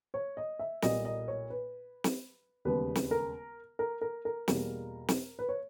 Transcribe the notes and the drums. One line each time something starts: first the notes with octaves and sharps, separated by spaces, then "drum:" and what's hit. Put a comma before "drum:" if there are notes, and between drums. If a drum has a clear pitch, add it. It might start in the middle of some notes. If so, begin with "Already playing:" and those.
C#5
D#5
E5
B1 A#2 G3 A#3 D#5, drum: snare
D#5
C#5
B4
drum: snare
E1 D#2 C#3 G3 B3 B4
drum: snare
A#4
A#4
A#4
A#4
E2 B2 G3 A#3, drum: snare
drum: snare
B4
C#5